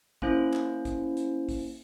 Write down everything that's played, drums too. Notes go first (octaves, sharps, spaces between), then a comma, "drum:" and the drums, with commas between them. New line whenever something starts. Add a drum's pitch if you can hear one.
A#3 C#4 E4 C5, drum: kick
drum: clap
drum: kick, hi-hat
drum: hi-hat
drum: kick, open hi-hat